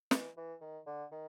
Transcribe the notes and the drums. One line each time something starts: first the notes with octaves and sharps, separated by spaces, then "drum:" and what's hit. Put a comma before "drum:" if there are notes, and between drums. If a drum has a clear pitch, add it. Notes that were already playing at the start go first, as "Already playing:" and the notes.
E3, drum: snare
E3
D#3
D3
D#3